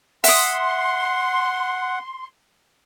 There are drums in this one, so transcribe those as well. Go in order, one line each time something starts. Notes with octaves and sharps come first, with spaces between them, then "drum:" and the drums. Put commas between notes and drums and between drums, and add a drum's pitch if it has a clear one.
E5 F#5 C6 D#6, drum: open hi-hat